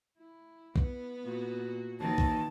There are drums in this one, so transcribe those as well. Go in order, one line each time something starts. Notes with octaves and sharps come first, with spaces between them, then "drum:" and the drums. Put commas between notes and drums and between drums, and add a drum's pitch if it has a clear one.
E4
B3, drum: kick B1
A#2 F#4
D#2 D#3 E3 A5
drum: kick B1